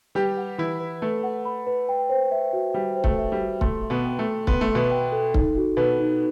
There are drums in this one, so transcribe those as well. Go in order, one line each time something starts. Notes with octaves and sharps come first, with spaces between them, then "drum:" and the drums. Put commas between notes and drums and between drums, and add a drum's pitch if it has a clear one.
G3 G4 B4
F#5
E3 E4 B5
B4
A3 B4
F#5
B5
B4
G5
C5
E5
F#4
G3 G5
C5
A3, drum: kick C#1
E5
G3
F#4
A3 C6, drum: kick C#1
E5
B2 B3
G5
A3
A4
B3 C6, drum: kick C#1
A3
E5
B2 B3
G5
A4
D#4, drum: kick C#1
F#4
B2 B3 B4
D#4